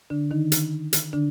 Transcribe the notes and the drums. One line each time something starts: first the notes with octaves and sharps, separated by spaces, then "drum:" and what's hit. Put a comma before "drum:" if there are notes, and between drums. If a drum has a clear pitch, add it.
D3 D4
D#3 D#4
drum: hi-hat
drum: hi-hat
D3 D4